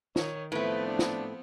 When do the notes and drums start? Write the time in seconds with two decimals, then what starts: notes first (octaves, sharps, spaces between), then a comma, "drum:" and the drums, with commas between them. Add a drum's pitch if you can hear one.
0.16 D#3 C#5, drum: snare
0.52 A2 F3 A3 B3 C4 B4
0.86 D4
0.99 drum: snare